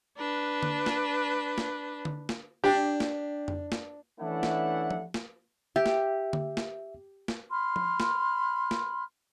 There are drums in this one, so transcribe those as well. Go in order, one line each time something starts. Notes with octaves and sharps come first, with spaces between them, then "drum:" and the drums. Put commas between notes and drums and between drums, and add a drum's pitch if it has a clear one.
D4 B4
drum: tom D3
drum: snare
drum: snare
drum: tom D3
drum: snare
D4 G4
drum: snare
drum: tom F2
drum: snare
E3 A3 C#4 D4 E4 F#5
drum: snare
drum: tom F3
drum: snare
G4 E5
drum: snare
drum: tom D3
drum: snare
drum: snare
B5 C6 F6
drum: tom F3
drum: snare
drum: snare